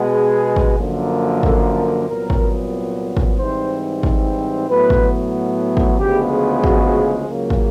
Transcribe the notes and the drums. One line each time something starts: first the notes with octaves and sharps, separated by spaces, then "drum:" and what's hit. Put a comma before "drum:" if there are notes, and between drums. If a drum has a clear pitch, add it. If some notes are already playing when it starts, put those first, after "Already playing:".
Already playing: B2 G#3 B3
G#4
drum: kick
F#2 D3 F3 A#3
A4, drum: kick
A4
C2 A#2 F#3 B3 A#4
drum: kick
drum: kick
G#2 E3 G3 C4 C5
drum: kick
A2 F#3 B3 B4
drum: kick
drum: kick
D2 C#3 F3 G#3 B3 G4
F#4, drum: kick
C#2 C#3 F#3 A#3
drum: kick